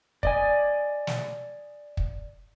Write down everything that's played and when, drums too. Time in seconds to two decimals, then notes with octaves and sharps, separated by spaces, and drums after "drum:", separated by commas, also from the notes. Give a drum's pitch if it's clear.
0.23 D5 D#5 G#5, drum: kick
1.07 drum: snare
1.97 drum: kick